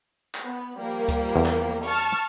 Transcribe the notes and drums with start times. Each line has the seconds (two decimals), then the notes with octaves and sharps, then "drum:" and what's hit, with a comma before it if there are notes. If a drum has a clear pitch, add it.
0.34 drum: clap
0.45 B3
0.76 F3 G3 A#3
1.08 drum: kick C#2, hi-hat
1.36 E2
1.46 drum: clap
1.83 A5 C#6 F6, drum: open hi-hat